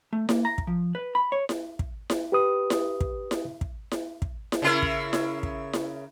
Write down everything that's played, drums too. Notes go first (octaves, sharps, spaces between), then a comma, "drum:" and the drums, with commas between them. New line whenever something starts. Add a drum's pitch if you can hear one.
A3
A#3, drum: snare E4
A#5
drum: kick
F3
B4
B5
C#5
drum: snare E4
drum: kick
drum: snare E4
G4 B4 D#6
drum: snare E4
drum: kick
drum: snare E4
drum: kick
drum: snare E4
drum: kick
drum: snare E4
C#3 E4 A#4
drum: kick
drum: snare E4
drum: kick
drum: snare E4